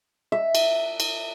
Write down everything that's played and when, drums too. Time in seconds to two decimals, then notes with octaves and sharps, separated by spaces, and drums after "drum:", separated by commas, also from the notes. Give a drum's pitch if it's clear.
0.32 E5
0.55 drum: cymbal
1.00 drum: cymbal